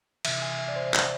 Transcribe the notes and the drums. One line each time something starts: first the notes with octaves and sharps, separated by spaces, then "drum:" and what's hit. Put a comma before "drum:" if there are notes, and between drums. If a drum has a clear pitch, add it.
C3 E3 E5, drum: cymbal
G#5
E5
D5
C5
D5, drum: clap